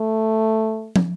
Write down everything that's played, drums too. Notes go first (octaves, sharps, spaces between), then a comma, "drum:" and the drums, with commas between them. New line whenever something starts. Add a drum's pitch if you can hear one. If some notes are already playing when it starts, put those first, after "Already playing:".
Already playing: A3
drum: tom